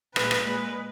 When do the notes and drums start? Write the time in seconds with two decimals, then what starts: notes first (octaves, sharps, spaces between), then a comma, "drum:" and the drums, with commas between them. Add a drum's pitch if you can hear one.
0.16 A#2 G#3 B4, drum: rim click
0.31 drum: rim click
0.45 A#2 G#3